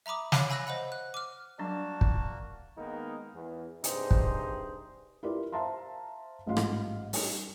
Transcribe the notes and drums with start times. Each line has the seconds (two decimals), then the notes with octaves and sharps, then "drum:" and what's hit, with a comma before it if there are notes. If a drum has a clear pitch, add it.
0.06 E5 A#5 B5 D6 D#6
0.32 C#5 F5 B5 D6 B6 C7, drum: snare
0.50 G#5 B5 E6 F#6 A#6
0.67 C5 D#5 F#5 B5
0.92 F#6
1.14 D6 F6
1.59 F#3 G3 A#3 D4 F#4 D5 A5
2.01 drum: kick
2.78 D#3 G#3 A#3 B3 D#4
3.34 E2
3.84 G2 C3 D#4 G#4 C5, drum: hi-hat
4.11 drum: kick
5.23 E4 F4 G4 A#4 B4 D5
5.52 C5 E5 F5 A5 A#5 C6
6.46 A1 G#2 G3 F4 F5
6.57 drum: rim click
7.13 G3 D#4, drum: open hi-hat